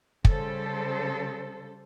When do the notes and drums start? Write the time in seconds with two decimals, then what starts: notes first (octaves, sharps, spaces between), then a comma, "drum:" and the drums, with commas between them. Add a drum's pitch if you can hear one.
0.25 C#3 G3 A4 C5, drum: kick